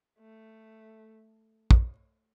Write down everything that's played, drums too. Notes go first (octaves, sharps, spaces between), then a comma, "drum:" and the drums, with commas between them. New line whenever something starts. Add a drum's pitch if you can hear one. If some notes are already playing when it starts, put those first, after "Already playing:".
A3
drum: kick